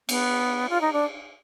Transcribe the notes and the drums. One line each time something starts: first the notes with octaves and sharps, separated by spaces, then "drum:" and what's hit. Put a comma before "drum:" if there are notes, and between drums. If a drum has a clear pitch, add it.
B3, drum: cymbal
F4
D#4
D4